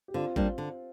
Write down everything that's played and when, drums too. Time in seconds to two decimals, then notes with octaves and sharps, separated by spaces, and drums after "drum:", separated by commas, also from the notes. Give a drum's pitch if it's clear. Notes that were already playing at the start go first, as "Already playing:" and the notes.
0.08 G4
0.14 D3 C4 F4
0.36 G3 A#3 D4, drum: kick A1
0.58 D3